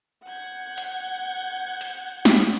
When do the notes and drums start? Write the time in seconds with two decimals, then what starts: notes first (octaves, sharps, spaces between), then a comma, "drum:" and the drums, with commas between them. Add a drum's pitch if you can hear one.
0.25 F#5 G6 G#6
0.78 drum: hi-hat
1.81 drum: hi-hat
2.25 drum: snare